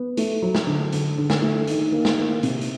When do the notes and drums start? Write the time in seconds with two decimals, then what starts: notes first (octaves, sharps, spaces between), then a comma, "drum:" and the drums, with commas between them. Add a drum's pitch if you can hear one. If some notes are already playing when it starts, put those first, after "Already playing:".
Already playing: B3
0.17 A3, drum: hi-hat
0.42 F#3
0.55 drum: snare
0.67 D3
0.92 D3, drum: hi-hat
1.18 D3
1.30 drum: snare
1.42 A3
1.67 D#3, drum: hi-hat
1.92 A#3
2.05 drum: snare
2.17 A#3
2.43 C3, drum: hi-hat
2.61 drum: hi-hat